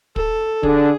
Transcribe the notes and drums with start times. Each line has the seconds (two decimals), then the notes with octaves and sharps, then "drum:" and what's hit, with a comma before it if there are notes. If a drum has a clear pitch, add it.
0.16 A4, drum: kick
0.63 D3 D4 G#4, drum: kick